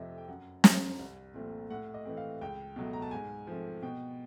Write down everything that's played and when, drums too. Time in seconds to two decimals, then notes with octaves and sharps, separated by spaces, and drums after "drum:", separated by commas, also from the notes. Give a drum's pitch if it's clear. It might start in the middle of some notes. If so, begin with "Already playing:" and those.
Already playing: F2 C3 F3 A3 D#5 E5
0.18 G5
0.28 F#2 F#5
0.64 D3 F3, drum: snare
0.99 C2
1.34 A#2 F3 A3 C4
1.70 A2 F#5
1.94 D#5
2.05 E3 A3 C4
2.17 F5
2.41 C#2 G5
2.76 B2 F#3 A3
2.93 A#5
3.02 A5
3.11 G#2 G#5
3.47 F3 A3 C4
3.82 B2 G5